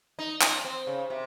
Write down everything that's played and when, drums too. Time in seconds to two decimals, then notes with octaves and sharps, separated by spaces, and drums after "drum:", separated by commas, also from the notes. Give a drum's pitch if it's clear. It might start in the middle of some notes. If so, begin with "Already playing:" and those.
0.19 D#4
0.41 D#4, drum: clap
0.64 C4
0.87 C#3
1.10 C3